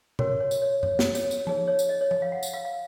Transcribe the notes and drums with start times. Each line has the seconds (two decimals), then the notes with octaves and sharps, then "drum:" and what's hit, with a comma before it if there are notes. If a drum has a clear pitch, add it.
0.19 C#4 F#4 A#4 C#5, drum: tom
0.40 C#5
0.51 drum: tambourine
0.62 C#5
0.83 C#5, drum: tom F#2
0.99 drum: snare
1.15 C#5, drum: tambourine
1.31 drum: tambourine
1.47 D#4 G#4 C#5, drum: tom
1.68 C#5
1.79 drum: tambourine
1.89 D#5
2.01 C#5
2.11 D#5, drum: tom
2.22 F5
2.32 F#5
2.43 drum: tambourine
2.53 F5
2.65 F5